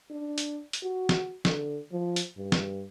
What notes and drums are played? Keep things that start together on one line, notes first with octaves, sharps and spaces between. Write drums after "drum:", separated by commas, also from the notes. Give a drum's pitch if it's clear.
D4
drum: hi-hat
drum: hi-hat
F#4
drum: snare
D3, drum: snare
F3
drum: hi-hat
G2
drum: snare